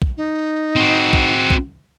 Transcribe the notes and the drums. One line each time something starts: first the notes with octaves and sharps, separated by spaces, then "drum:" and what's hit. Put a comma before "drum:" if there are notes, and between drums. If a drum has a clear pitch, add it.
drum: kick
D#4
C4 F#4
drum: kick
drum: kick